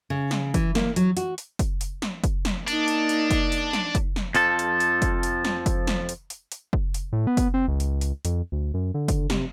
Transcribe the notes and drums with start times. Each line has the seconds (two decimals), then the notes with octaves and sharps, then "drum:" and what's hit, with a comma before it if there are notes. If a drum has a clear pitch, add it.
0.10 C#3
0.31 drum: snare
0.54 E3, drum: kick, hi-hat
0.75 A#3, drum: snare
0.96 F#3, drum: hi-hat
1.17 F#4, drum: hi-hat
1.38 drum: hi-hat
1.59 drum: kick, hi-hat
1.81 drum: hi-hat
2.02 drum: snare
2.24 drum: kick, hi-hat
2.45 drum: snare
2.68 A#3 D4 D#4, drum: hi-hat
2.88 drum: hi-hat
3.09 drum: hi-hat
3.31 drum: kick, hi-hat
3.52 drum: hi-hat
3.73 drum: snare
3.95 drum: kick, hi-hat
4.16 drum: snare
4.35 F2 F3 A4, drum: hi-hat
4.59 drum: hi-hat
4.80 drum: hi-hat
5.02 drum: kick, hi-hat
5.23 drum: hi-hat
5.45 drum: snare
5.66 drum: kick, hi-hat
5.87 drum: snare
6.09 drum: hi-hat
6.30 drum: hi-hat
6.52 drum: hi-hat
6.73 drum: kick
6.94 drum: hi-hat
7.12 A2
7.27 B3
7.37 drum: kick, hi-hat
7.54 C4
7.68 C#2
7.80 drum: hi-hat
8.01 drum: hi-hat
8.25 F2, drum: hi-hat
8.52 D2
8.74 F#2
8.94 D3
9.08 drum: kick, hi-hat
9.30 C3, drum: snare